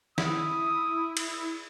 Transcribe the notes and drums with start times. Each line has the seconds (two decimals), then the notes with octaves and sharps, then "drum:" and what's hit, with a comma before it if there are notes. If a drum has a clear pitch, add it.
0.18 E4 D#6, drum: snare
1.17 drum: cymbal